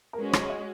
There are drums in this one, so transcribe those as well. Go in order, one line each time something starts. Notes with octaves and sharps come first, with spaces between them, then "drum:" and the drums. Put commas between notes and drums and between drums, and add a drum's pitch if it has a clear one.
A#4
G#3 C#4 F#4 B4
C5
C#5, drum: rim click
D#5